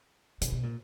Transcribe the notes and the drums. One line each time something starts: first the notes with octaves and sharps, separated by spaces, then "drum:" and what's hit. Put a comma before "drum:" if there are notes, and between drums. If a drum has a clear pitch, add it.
C3, drum: hi-hat
B2
A#2